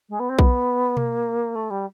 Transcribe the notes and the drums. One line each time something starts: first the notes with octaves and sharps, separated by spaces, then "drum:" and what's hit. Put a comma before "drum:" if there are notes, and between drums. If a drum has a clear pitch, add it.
G#3
B3
C4
B3, drum: kick B1
A#3, drum: tom B2
A3
G3